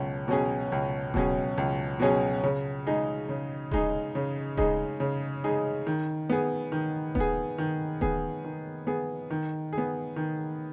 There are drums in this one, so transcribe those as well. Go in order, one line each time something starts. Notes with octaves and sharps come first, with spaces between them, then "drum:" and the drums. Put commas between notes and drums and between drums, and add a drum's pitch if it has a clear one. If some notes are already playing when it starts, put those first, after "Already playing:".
Already playing: C#2 B2 F#3 C#4
B2 F#3 C#4 G#4
C#2
B2 F#3 C#4 G#4, drum: kick D#1
C#2
B2 F#3 C#4 G#4
C#3
G#3 D#4 G#4
C#3
G#3 D#4 G#4, drum: kick D#1
C#3
G#3 D#4 G#4, drum: kick D#1
C#3
G#3 D#4 G#4
D#3
B3 G#4
D#3
B3, drum: kick D#1
G#4
D#3
B3 G#4, drum: kick D#1
D#3
B3 G#4
D#3
G#4
B3
D#3